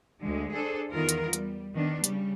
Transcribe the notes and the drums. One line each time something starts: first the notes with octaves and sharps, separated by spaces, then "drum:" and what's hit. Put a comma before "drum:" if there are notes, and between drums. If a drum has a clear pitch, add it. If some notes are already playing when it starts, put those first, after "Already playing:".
D2 D3 G#3
D4 G#4 A4 C5
E2 D#3 B3 F4 A#4
drum: hi-hat
G3, drum: hi-hat
D#3 B3 D4
C#3 G3, drum: hi-hat